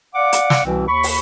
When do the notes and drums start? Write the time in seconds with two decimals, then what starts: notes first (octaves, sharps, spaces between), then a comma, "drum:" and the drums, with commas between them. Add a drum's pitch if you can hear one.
0.15 D5 F5 F#5 D6
0.33 drum: hi-hat
0.50 drum: snare
0.65 C2 B2 E3 C4
0.88 D#2 B5 C#6
1.03 drum: open hi-hat